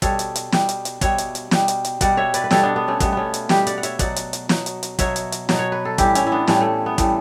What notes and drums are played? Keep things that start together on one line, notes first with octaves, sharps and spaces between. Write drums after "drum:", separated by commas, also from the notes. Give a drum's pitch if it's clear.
B2 G3 A4 C#5, drum: kick, hi-hat
drum: hi-hat
drum: hi-hat
B2 G3, drum: snare
drum: hi-hat
drum: hi-hat
B2 G3 C#5 E5, drum: kick, hi-hat
drum: hi-hat
drum: hi-hat
B2 G3, drum: snare
drum: hi-hat
drum: hi-hat
B2 G3 D5 F#5, drum: kick, hi-hat
C#5 E5
B4 D5, drum: hi-hat
B4
B2 G3 A4 C#5, drum: snare
B3 D4
B3
A3 C#4
B2 G3 B3, drum: kick, hi-hat
A3 B3 C#4
drum: hi-hat
B2 G3 G4 B4, drum: snare
D5 F#5, drum: hi-hat
F#5
C#5 E5, drum: hi-hat
B2 F#3 D5 F#5, drum: kick, hi-hat
drum: hi-hat
drum: hi-hat
B2 F#3, drum: snare
drum: hi-hat
drum: hi-hat
B2 F#3 C#5 E5, drum: kick, hi-hat
drum: hi-hat
drum: hi-hat
B2 F#3, drum: snare
C#5
B4
A4
A2 E3 G3 E4 G4, drum: kick, hi-hat
C#4 E4, drum: hi-hat
E4
B3 D4
A2 E3 G3 A3 C#4, drum: snare
A3
B3
A2 E3 G3 A3, drum: kick, hi-hat